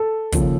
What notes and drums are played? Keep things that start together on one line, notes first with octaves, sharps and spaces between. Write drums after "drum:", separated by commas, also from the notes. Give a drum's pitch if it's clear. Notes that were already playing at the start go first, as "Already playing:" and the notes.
Already playing: A4
D#2 C#3 F3, drum: kick, hi-hat